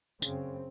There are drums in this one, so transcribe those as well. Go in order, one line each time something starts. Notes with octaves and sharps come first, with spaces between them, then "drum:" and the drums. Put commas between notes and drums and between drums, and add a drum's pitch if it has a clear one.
F#2 C#3 C4, drum: tambourine